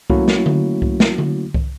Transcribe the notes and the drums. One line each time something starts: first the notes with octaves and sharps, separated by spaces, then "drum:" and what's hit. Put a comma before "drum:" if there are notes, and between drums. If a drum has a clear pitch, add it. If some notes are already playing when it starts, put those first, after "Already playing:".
F#3 A3 A#3 C#4 E4 F#4, drum: kick C2
drum: snare
drum: tom D3
drum: kick C2
drum: snare
drum: tom D3
drum: kick C2